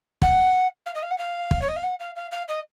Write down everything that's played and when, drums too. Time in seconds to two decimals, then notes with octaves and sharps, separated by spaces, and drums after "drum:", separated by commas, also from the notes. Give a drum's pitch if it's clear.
0.22 F#5, drum: kick
0.86 F5
0.95 D#5
1.03 F5
1.11 F#5
1.18 F5
1.51 drum: kick
1.62 C#5
1.68 D#5
1.76 F5
1.83 F#5
2.00 F5
2.16 F5
2.31 F5
2.48 D#5